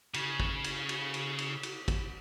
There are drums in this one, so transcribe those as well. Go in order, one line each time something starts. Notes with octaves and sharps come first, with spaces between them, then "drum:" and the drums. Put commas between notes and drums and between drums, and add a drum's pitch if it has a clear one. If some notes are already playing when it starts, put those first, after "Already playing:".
C#3, drum: cymbal
drum: kick
drum: cymbal
drum: cymbal
drum: cymbal
drum: cymbal
drum: cymbal
drum: kick, cymbal